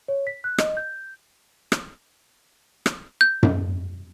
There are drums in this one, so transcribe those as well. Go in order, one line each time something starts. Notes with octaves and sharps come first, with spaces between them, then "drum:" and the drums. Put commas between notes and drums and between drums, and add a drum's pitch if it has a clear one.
C#5
B6
F#6
D#5, drum: rim click
G6
drum: rim click
drum: rim click
G6
drum: tom F#2